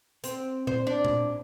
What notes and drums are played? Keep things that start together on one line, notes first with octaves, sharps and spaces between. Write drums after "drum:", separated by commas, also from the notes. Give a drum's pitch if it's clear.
C4, drum: hi-hat
C5, drum: tom A#2
D4
drum: tom A#2